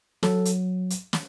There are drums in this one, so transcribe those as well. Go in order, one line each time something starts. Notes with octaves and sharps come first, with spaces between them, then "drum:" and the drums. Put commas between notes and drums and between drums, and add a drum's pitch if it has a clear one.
F#3 A4, drum: snare
drum: hi-hat
drum: hi-hat
drum: snare